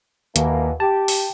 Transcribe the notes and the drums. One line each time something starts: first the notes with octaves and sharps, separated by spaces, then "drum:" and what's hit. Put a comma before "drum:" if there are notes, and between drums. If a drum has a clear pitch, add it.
D#2 B2 E3 A#3, drum: hi-hat
G4 A5
drum: open hi-hat